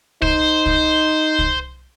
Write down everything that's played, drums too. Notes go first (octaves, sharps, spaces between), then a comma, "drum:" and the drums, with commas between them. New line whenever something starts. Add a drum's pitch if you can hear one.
D#4 C5, drum: kick
drum: kick
drum: kick